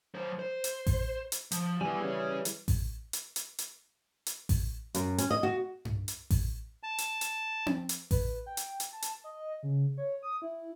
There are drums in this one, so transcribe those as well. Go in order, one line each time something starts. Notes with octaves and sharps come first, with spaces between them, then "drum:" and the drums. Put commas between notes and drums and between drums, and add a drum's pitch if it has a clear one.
F#3 C5
C5
drum: hi-hat
drum: kick A1, open hi-hat
drum: hi-hat
F3, drum: hi-hat
E3 G3 B3 G#5
G#4 C#5
drum: hi-hat
drum: kick A1, open hi-hat
drum: hi-hat
drum: hi-hat
drum: hi-hat
drum: hi-hat
drum: kick A1, open hi-hat
F#2, drum: hi-hat
C#4, drum: hi-hat
D#5
F#4
drum: tom G2
drum: hi-hat
drum: kick A1, open hi-hat
A5
drum: hi-hat
drum: hi-hat
drum: tom C4
drum: hi-hat
B4, drum: kick A1, open hi-hat
G5
drum: hi-hat
drum: hi-hat
A5
drum: hi-hat
D#5
C#3
C#5
D#6
E4